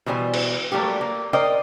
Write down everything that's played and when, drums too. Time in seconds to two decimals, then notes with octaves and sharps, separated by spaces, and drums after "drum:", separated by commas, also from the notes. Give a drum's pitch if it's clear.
0.06 B2 E3 G3 C5 G#5
0.34 drum: cymbal
0.72 F#3 G3 A3 A#3 G4
1.01 A#3
1.33 A#4 C5 D5 D#5 G5